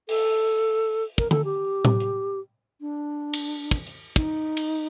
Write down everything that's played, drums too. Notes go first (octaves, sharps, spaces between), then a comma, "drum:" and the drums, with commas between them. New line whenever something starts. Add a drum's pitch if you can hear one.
A4, drum: open hi-hat
A#4, drum: kick
A4, drum: tom D3
G4
drum: tom A2
drum: hi-hat
D4
drum: cymbal
drum: kick
drum: hi-hat
D#4, drum: kick
drum: cymbal